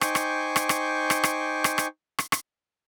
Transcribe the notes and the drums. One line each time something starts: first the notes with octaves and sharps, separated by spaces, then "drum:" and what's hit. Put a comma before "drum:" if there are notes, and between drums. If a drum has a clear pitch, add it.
D#4 C5 G5 G#5 C#6 D6, drum: rim click
drum: rim click
drum: rim click
drum: rim click
drum: rim click
drum: rim click
drum: rim click
drum: rim click
drum: rim click
drum: rim click